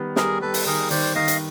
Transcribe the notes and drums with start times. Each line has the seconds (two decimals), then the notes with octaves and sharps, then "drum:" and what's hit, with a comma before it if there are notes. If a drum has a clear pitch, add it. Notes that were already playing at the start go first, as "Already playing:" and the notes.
Already playing: D#3 G3 B3
0.16 G3 G#4 A#4, drum: snare
0.41 G3 A4 B4
0.54 drum: open hi-hat
0.66 D#3 G#4 A#4
0.90 D#3 C5 D5, drum: open hi-hat
1.15 D#3 D#5 F5
1.28 drum: hi-hat